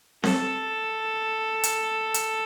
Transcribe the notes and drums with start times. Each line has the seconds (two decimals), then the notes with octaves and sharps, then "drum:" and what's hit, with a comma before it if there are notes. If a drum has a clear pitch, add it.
0.24 A4, drum: snare C4
1.64 drum: hi-hat
2.14 drum: hi-hat